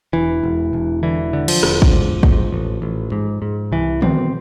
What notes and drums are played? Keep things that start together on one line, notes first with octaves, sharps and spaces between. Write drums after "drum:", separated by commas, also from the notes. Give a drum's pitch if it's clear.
E1 E3
E1
E1
D3 E3
D3
F3, drum: cymbal
E1, drum: rim click
drum: kick
G#2
G#2, drum: kick
A1
A1
G#2
G#2
C2 E3
B2 C4, drum: tom D3